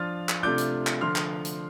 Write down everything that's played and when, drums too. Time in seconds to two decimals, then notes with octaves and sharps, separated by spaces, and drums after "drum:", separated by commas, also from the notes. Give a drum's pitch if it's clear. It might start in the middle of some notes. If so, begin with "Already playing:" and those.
Already playing: F3 D4 F4 F6 A6
0.29 drum: clap
0.43 C3 A3 D4 F4 D6 G6
0.58 drum: hi-hat
0.87 drum: clap
1.01 D3 F3 D4 C6 F6
1.16 drum: clap
1.45 drum: hi-hat